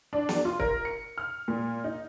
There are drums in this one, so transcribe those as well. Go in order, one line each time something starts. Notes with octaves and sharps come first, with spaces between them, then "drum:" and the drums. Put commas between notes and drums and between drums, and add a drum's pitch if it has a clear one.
D4
drum: snare
F4
A#4, drum: kick
C#7
F6
A#2
D#4